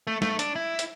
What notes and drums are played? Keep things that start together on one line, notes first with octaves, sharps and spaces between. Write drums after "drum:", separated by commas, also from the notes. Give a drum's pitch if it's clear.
A3
A3, drum: snare
D4, drum: hi-hat
E4
drum: hi-hat